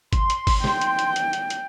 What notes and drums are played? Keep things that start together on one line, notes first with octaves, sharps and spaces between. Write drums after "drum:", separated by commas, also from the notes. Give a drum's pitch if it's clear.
C6, drum: kick G#1, hi-hat
drum: hi-hat
drum: kick G#1, open hi-hat
G5, drum: snare
drum: hi-hat
drum: hi-hat
drum: hi-hat
drum: hi-hat
drum: hi-hat